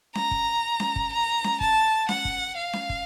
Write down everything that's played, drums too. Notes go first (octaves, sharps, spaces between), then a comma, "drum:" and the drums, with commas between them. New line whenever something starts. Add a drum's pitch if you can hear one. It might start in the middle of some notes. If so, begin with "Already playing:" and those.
A#5, drum: snare C#4
drum: kick
drum: snare C#4
drum: kick
A#5
drum: snare C#4
A5, drum: kick
F#5, drum: snare C#4
drum: kick
F5
drum: snare C#4
drum: kick